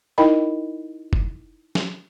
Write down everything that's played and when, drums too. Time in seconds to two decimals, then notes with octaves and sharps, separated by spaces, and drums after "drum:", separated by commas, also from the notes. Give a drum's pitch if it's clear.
0.18 D#4 E4 A#4 D#5 G5 B5
1.13 drum: kick F1
1.75 drum: snare